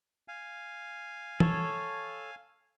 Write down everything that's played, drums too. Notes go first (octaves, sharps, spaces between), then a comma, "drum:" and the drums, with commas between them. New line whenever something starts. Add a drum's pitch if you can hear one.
F5 G#5
A4 C#5, drum: tom